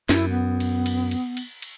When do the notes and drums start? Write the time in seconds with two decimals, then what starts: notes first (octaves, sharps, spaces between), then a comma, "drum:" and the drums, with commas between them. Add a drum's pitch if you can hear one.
0.09 F#2 E4, drum: snare
0.29 B3
0.60 drum: cymbal
0.86 drum: cymbal
1.11 drum: cymbal
1.37 drum: cymbal
1.62 drum: cymbal